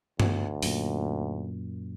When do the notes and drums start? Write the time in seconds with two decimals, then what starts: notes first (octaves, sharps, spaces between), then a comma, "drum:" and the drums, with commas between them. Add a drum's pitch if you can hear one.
0.20 D2, drum: tom G2
0.62 F#2 A#2, drum: open hi-hat